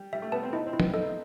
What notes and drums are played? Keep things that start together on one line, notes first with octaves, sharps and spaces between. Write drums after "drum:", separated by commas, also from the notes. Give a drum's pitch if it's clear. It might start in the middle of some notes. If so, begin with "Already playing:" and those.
Already playing: G3
G3 E5
A3
B3 A5
C4
D#4 E4
C4
E4
B3, drum: tom
D#4 A4